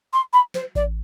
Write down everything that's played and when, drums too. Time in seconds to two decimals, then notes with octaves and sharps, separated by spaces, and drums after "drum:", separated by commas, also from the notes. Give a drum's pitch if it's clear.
0.13 C6
0.33 B5
0.54 C5, drum: snare
0.75 D5, drum: kick A1